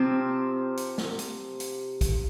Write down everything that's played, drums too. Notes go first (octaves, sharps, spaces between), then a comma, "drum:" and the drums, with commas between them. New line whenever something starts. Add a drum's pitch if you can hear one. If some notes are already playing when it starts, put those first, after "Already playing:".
Already playing: C3 F3 C4
drum: hi-hat
drum: snare
drum: hi-hat
drum: hi-hat
drum: kick, hi-hat